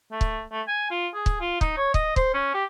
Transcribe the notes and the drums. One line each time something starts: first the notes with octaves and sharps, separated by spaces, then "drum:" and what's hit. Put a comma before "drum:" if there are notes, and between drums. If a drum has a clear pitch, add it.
A3
drum: kick
A3
G#5
F4
G#4
drum: kick
F4
D#4, drum: kick
C#5
D#5, drum: kick
C5, drum: kick
C#4
G4